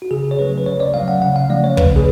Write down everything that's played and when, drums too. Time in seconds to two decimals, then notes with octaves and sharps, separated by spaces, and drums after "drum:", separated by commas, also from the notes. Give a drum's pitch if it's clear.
0.02 F#4
0.11 C#3 G#4
0.31 C#5
0.39 F#3 A3 C#4 B4
0.58 B4
0.66 C#3 C#5
0.80 D5
0.94 F#3 A3 C#4 F5
1.08 F#5
1.21 C#3 F#5
1.36 F5
1.50 F3 A3 C#4 D5
1.64 C#5
1.77 C#3 B4, drum: kick
1.96 G#4